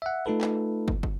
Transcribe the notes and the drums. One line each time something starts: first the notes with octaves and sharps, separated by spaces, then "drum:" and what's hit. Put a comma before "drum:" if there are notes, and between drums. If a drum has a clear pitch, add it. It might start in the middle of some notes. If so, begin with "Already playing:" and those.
E5 F#5
A3 D#4 F4 A4 B4
drum: clap
drum: kick
drum: kick